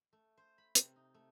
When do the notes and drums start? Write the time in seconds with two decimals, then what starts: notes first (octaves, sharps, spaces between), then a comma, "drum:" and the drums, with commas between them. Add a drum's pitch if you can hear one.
0.13 A3
0.37 C5
0.58 B5
0.75 C3, drum: hi-hat
0.96 D#4
1.14 A3